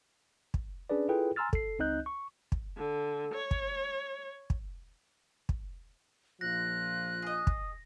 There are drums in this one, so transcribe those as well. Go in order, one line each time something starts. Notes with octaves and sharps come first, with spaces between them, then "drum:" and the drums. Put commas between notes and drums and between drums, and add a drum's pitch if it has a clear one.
drum: kick
C#4 D4 G#4 B4 D5
E4 F4 G#4 A4 B4 G5
G#5 A#5 C6 E6 F6 A6
A4 C7, drum: kick
C#2 C4 D#4 D#5 F#6 G6
C#6
drum: kick
D3
C#5
drum: kick
drum: kick
drum: kick
A#1 F3 F4 F#6 A#6
G#4 D#5
drum: kick